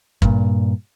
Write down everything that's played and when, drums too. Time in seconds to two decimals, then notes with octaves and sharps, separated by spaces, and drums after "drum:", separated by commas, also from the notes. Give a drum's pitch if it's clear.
0.22 G2 A#2, drum: kick